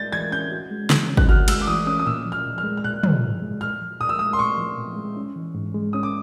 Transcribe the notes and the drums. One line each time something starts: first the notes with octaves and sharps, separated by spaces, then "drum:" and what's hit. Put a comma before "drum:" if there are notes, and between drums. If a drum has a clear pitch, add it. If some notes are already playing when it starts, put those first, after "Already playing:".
Already playing: G#3 G6 A6
E3 G#6
C#4 G6
F#4
G#3
E3, drum: snare
C#4
F#6, drum: kick
F#4 F6
G#3 E6, drum: cymbal
D6
E3 D#6
C#4 D#6
D#6
A#2 E6
F3
F6
A#2
F6
G#3
F6
A#2 F#6
F3, drum: tom
A#2
G#3
A#2 F6
F3
A#2 D#6
E6
G#3 D#6
C6
A#2 C#6
F3
A#2
G#3
C#4
E3
G#2
G#3
C#4 D#6
D6